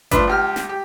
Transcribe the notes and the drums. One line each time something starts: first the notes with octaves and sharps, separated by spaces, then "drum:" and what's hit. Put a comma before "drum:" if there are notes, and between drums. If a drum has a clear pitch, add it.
F3 A3 D4 B4 C5, drum: kick G1, hi-hat
C#2 G4 F6
drum: snare
G4